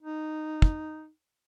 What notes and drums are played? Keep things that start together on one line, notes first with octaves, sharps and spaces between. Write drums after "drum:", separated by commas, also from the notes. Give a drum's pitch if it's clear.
D#4
drum: kick